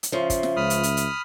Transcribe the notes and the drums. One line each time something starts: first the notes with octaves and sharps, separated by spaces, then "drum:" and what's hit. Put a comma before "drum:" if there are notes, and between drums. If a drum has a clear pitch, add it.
drum: hi-hat
C#3 F3 E5
drum: kick, hi-hat
drum: snare
C#2 B5 D#6 F6
drum: hi-hat
drum: hi-hat
drum: hi-hat